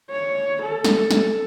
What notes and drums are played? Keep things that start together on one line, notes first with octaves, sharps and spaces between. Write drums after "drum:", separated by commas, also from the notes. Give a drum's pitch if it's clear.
C#5
A4
drum: snare
drum: snare